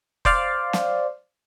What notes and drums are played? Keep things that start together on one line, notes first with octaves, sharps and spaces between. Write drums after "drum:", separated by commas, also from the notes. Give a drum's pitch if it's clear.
C5 D5 F5, drum: kick F1
drum: snare